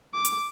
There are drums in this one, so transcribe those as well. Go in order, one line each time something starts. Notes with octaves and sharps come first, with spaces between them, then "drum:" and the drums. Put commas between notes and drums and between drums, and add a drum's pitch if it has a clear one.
D6
drum: hi-hat